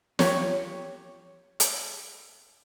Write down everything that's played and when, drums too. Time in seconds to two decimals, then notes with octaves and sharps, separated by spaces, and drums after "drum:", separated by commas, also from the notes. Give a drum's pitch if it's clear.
0.19 G4 C#5, drum: snare
1.60 drum: hi-hat